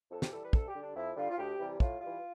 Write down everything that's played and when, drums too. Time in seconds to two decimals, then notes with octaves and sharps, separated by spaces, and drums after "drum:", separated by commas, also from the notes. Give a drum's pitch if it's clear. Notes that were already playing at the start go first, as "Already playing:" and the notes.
0.11 F2 A4
0.22 G4, drum: snare
0.32 E3 G3 A4
0.43 B4
0.53 D2 A4, drum: kick
0.68 G4
0.75 D3 G3
0.82 D4
0.95 F2 E4
1.16 D3 G3 F4
1.31 F4
1.38 D2 G4
1.59 C3 E3 G3
1.80 A2 F4, drum: kick
2.01 E3 G3 F4